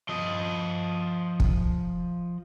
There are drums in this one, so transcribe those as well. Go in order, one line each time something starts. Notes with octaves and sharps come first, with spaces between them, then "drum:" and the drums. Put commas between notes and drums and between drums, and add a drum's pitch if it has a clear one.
F3 D#5
drum: kick